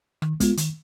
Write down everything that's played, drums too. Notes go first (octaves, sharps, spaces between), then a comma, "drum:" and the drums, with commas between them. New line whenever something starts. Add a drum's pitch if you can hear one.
D#3, drum: rim click
G#3 B3 F4, drum: kick, hi-hat
D#3, drum: hi-hat